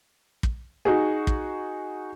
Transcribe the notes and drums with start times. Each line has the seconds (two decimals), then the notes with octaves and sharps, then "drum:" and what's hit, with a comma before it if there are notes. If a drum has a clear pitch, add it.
0.43 drum: kick
0.85 D#4 F#4 G#4
1.27 drum: kick